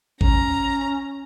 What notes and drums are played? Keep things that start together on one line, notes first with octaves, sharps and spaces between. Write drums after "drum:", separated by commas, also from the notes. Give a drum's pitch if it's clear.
C#4 A#5, drum: kick G#1